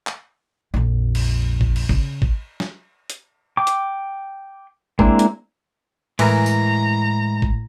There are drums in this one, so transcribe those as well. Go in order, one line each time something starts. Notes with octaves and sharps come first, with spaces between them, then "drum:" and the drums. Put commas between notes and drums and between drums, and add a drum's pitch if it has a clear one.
drum: clap
A#1 F2
drum: cymbal
drum: kick A1
drum: cymbal
C#3, drum: kick A1
drum: kick A1
drum: snare
drum: hi-hat
G5 D6
drum: hi-hat
G#3 A#3 C4 D4 E4, drum: kick A1
drum: hi-hat
A2 E3 G#3 E4 A#4 G#5 A#5, drum: cymbal
drum: tambourine
drum: kick A1